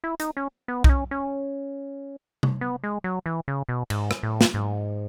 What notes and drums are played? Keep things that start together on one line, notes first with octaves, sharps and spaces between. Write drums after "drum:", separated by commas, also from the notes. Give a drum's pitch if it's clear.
E4
D#4, drum: hi-hat
C#4
B3
D#4, drum: kick B1
C#4
C#4
drum: tom C3
B3
G#3
F#3
E3
C#3
B2
G#2, drum: cymbal
drum: rim click
A2
drum: snare
G#2